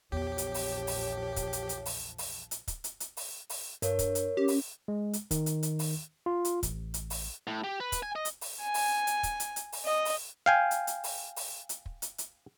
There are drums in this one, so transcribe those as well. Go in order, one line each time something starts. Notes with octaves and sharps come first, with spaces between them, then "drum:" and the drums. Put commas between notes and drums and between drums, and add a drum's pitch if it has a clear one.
A#1 E2 F3 G4 C#5
drum: hi-hat
drum: open hi-hat
drum: open hi-hat
drum: kick, hi-hat
drum: hi-hat
drum: hi-hat
drum: open hi-hat
drum: open hi-hat
drum: hi-hat
drum: kick, hi-hat
drum: hi-hat
drum: hi-hat
drum: open hi-hat
drum: open hi-hat
G2 A#4 C#5, drum: hi-hat
drum: kick, hi-hat
drum: hi-hat
C#4 G4
drum: open hi-hat
G#3
drum: hi-hat
D#3, drum: kick, hi-hat
drum: hi-hat
drum: hi-hat
drum: open hi-hat
F4
drum: hi-hat
A1, drum: kick, hi-hat
drum: hi-hat
drum: open hi-hat
A2
G4
B4
drum: kick, hi-hat
G#5
D#5
drum: hi-hat
drum: open hi-hat
G#5
drum: open hi-hat
drum: hi-hat
drum: kick, hi-hat
drum: hi-hat
drum: hi-hat
drum: open hi-hat
D#5
drum: open hi-hat
F5 G5 G#5
drum: hi-hat
drum: hi-hat
drum: open hi-hat
drum: open hi-hat
drum: hi-hat
drum: kick
drum: hi-hat
drum: hi-hat